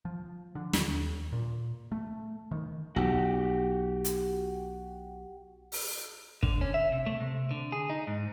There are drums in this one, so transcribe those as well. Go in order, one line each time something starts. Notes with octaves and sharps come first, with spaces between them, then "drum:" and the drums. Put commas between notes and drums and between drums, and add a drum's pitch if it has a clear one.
F3
D3
D#2, drum: snare
A#2
A3
D#3
B1 F#4 G4
drum: hi-hat
drum: open hi-hat
D3, drum: kick
C#4
E5
C3
A3
C3
D3
G#4
D#4
G#2